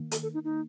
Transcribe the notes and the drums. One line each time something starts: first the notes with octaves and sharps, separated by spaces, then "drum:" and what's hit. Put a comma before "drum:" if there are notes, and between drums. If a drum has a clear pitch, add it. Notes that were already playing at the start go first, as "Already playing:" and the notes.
Already playing: D#3 A#3
A4, drum: hi-hat
A4
D#4
D#4